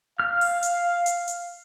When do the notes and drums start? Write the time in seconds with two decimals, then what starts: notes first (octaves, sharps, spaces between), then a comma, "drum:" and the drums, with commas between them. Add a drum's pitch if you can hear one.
0.20 F5 F6
0.41 drum: open hi-hat
0.63 drum: hi-hat
1.06 drum: hi-hat
1.28 drum: hi-hat